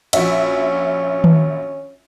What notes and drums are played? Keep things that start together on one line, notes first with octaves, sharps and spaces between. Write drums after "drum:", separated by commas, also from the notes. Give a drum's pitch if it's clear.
A#1 C#4 F#4 E5, drum: cymbal
drum: tom D#3